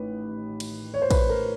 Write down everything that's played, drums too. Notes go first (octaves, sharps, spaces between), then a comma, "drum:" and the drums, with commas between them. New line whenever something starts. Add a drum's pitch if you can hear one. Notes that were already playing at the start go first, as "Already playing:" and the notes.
Already playing: A1 D#3 B4
drum: cymbal
C#5
C5
B4, drum: kick, cymbal
A#4